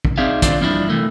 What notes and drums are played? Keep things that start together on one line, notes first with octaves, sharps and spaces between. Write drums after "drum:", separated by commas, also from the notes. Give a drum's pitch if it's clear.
drum: kick
C4 D#4 G#4 D5 E5 F5
D#2 D#3 C4 D4 F4 D5, drum: kick, hi-hat
G2 E3 F3 D4 E4
C3 E3 A3 A#3